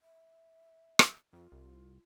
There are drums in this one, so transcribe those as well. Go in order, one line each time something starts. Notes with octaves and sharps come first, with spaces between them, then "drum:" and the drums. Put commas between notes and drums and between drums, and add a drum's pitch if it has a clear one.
E5
drum: rim click
F2 F4
C2